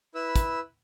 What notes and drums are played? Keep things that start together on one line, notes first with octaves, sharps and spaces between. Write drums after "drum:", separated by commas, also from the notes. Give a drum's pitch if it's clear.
E4 B4 E6
drum: kick, hi-hat